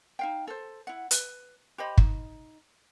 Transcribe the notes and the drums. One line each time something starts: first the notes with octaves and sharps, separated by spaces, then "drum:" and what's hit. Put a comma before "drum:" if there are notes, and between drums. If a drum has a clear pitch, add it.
D#4 F5 G5
A4 C5
E4 F#5
B4, drum: hi-hat
G4 C5 D#5 B5
D#4, drum: kick